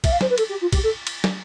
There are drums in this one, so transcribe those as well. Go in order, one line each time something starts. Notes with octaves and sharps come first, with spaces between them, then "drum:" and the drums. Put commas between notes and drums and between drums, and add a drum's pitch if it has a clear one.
E5, drum: kick, cymbal
F5
C5, drum: snare
B4
A4, drum: cymbal
G4
F4
G4, drum: kick, cymbal
A4
drum: cymbal
drum: snare